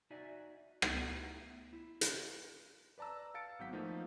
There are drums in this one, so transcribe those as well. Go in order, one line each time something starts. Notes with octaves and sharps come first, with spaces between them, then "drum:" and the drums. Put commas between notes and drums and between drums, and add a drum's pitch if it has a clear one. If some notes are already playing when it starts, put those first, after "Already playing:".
D#4 F#4 D5 E5 G#5
A3 B3 D#4 E4 G4 E5, drum: rim click
E4
drum: hi-hat
B4 D5 A5 A#5 E6
F5 A5 A6 C#7 D7
G#1 F#3 B3 F#5 G6 B6
F3 A3 A#3 D#4 F4